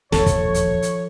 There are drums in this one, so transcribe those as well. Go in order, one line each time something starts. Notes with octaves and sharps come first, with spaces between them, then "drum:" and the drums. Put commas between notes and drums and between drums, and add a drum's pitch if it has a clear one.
E1 A#1 D#2 F3 A4 C#5, drum: snare
drum: kick, hi-hat
drum: hi-hat
drum: hi-hat